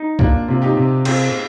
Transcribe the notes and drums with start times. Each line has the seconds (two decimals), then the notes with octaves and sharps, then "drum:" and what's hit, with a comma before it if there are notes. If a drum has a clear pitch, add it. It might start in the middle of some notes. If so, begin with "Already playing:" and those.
Already playing: D#4
0.19 A#3 D4 F4, drum: kick
0.48 C3 F4
0.62 D#4 G4
0.77 C3
1.05 C4 F4 G#4, drum: cymbal